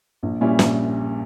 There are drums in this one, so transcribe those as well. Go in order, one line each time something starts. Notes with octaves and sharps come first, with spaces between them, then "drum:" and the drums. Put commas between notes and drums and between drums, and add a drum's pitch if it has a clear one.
A#1
A#2 G3 C#4 E4
A#1, drum: snare